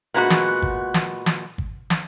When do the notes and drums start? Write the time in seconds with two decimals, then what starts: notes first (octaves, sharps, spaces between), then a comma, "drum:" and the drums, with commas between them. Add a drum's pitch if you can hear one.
0.14 A#2 G#3 B3 D#4 F#4
0.30 drum: snare
0.62 drum: kick
0.94 drum: snare
1.26 drum: snare
1.58 drum: kick
1.90 drum: snare